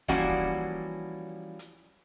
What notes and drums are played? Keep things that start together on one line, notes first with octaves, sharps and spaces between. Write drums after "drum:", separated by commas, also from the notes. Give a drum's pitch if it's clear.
E3 F3 G3 A#3 C#4 F#4, drum: kick
drum: kick
drum: hi-hat